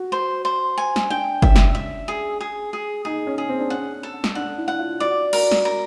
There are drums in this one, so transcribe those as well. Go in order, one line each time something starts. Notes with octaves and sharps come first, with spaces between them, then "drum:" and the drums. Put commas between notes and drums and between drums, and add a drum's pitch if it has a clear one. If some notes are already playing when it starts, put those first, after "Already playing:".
Already playing: F#4
C5
C5
G#5
drum: snare
D4 G5
C#4 E5, drum: kick
drum: snare
E5
G#4
G#4
G#4
D#4 G#4
C#4
G#4
C4
D4
C#4 F#5
A4
drum: snare
D4 F#5
E4
F#5
F4
F#4 D5
F#4 A#4, drum: cymbal
drum: snare
A#4